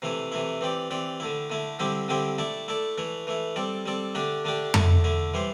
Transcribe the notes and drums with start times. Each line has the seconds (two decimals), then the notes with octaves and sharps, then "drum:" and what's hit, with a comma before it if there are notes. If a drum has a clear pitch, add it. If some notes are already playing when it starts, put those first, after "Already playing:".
0.02 C3 E3 A3 E4
0.32 C3 E3 A3 E4
0.61 E3 C4 G4 D5
0.91 E3 C4 G4 D5
1.20 D3 A3 E4
1.50 D3 A3 E4
1.79 D3 G3 C4 E4 G4
2.08 D3 G3 C4 E4 G4
2.38 A3 E4 A4 D5
2.68 A3 E4 A4 D5
2.98 E3 A3 E4
3.27 E3 A3 E4
3.56 G3 C4 A4 D5
3.86 G3 C4 A4 D5
4.15 D3 A3 D4 G4 D5
4.44 D3 A3 D4 G4 D5
4.74 D3 A3 E4, drum: tom F2
5.04 D3 A3 E4
5.34 E3 G3 E4 C5